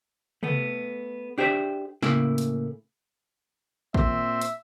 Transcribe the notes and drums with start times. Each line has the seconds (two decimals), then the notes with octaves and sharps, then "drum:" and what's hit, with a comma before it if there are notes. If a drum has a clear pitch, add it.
0.43 A3 B3, drum: tom C3
1.38 D4 G4 G#4 C5 E5
2.03 A2 C#3 A#3 E4, drum: snare
2.38 drum: hi-hat
3.94 A#2 C4 E5, drum: kick
4.42 drum: hi-hat